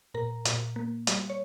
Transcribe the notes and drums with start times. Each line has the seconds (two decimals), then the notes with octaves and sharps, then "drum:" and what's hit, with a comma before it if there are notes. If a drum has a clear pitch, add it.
0.14 A#2 A#4 A#5
0.45 A#2, drum: hi-hat
0.76 A#3
1.07 G3, drum: hi-hat
1.30 C#5